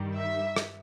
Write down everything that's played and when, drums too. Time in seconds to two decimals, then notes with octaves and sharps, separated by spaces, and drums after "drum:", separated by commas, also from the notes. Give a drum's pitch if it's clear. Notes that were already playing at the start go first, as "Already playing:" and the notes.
Already playing: G2 D#3 G3
0.16 E5
0.56 drum: rim click